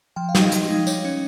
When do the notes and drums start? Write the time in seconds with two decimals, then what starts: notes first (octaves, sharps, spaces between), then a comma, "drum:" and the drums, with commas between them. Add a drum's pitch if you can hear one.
0.16 F3 G5
0.29 F5
0.35 G#3 D#4, drum: snare
0.42 D#5
0.52 F3 F5, drum: hi-hat
0.69 G#3 D#4
0.87 G3 C#5, drum: tambourine
1.05 C#4